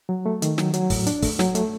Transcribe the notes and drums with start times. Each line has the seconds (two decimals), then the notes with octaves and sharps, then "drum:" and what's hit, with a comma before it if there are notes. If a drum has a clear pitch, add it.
0.09 F#3
0.26 A3
0.42 D#3, drum: hi-hat
0.58 F#3, drum: snare
0.74 F#3, drum: hi-hat
0.90 A2, drum: kick, open hi-hat
1.07 D4, drum: hi-hat
1.22 A3, drum: kick, open hi-hat
1.39 F#3, drum: snare
1.55 A3, drum: hi-hat